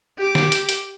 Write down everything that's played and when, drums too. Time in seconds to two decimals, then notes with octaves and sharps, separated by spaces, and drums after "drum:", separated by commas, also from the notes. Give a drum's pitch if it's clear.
0.18 G4 D6
0.35 drum: snare
0.52 drum: hi-hat
0.69 drum: hi-hat